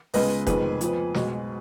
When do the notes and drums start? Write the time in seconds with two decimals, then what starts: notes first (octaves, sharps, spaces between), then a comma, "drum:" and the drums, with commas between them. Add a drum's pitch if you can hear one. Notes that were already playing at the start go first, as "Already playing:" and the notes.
0.14 C#2 C#3 G#3 B3 B4 D#5, drum: open hi-hat
0.47 F1 F2 D#3 G#3 B3 G#4 B4, drum: kick F1, hi-hat
0.81 F2 F3 B3, drum: hi-hat
1.14 B1 B2 G#3, drum: snare